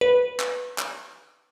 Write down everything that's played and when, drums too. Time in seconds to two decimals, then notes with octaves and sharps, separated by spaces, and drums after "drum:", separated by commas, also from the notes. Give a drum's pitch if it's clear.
0.01 B4
0.40 drum: clap
0.78 drum: clap